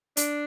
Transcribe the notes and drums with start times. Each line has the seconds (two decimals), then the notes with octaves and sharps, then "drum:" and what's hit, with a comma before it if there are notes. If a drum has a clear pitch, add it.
0.17 D4, drum: hi-hat